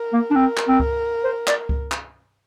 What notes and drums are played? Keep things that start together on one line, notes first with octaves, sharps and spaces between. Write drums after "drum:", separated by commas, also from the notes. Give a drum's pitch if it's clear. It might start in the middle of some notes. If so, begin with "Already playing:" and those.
Already playing: A#4
A#3
D4
C4 A#4
drum: clap
C4
drum: kick C#2
C5
D5, drum: clap
drum: kick C#2
drum: clap